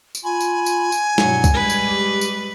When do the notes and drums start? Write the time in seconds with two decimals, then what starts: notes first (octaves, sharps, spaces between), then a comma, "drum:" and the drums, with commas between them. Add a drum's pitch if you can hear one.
0.15 drum: tambourine
0.24 F4 G#5 B5
0.41 drum: tambourine
0.66 drum: tambourine
0.92 drum: tambourine
1.18 G2 B2 F#3 E4, drum: snare
1.44 drum: kick C2, tambourine
1.54 G3 G#3 B4 G#6
1.70 drum: tambourine
1.88 G4
2.21 drum: tambourine